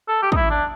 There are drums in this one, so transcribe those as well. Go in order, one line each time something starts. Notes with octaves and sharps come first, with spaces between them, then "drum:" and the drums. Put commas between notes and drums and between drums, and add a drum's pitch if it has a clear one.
A4
G4
D#4, drum: kick
E4
D4